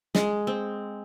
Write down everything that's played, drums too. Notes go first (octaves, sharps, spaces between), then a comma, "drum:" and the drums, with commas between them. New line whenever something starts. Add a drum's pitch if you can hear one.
G#3, drum: snare
C4